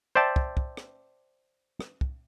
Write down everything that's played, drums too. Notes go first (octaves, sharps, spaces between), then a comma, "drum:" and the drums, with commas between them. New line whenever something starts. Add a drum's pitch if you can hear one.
C5 D5 E5 G5 A5
drum: kick
drum: kick
drum: rim click
drum: rim click
drum: kick